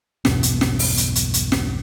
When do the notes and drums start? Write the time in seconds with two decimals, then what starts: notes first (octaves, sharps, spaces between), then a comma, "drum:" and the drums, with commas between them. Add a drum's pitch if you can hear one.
0.25 B1 E2 G2 B2, drum: snare
0.43 drum: hi-hat
0.61 drum: snare
0.79 drum: open hi-hat
0.97 drum: hi-hat
1.15 drum: hi-hat
1.34 drum: hi-hat
1.52 drum: snare